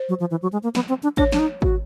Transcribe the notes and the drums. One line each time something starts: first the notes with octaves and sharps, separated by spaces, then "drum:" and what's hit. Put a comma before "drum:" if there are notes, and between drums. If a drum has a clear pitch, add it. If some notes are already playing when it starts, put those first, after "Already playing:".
Already playing: C5
F#3
F3
E3
F#3
G#3
A#3
B3, drum: snare
C4
D4
D4 C#5, drum: kick G#1
D4, drum: snare
D#4
F#4, drum: kick G#1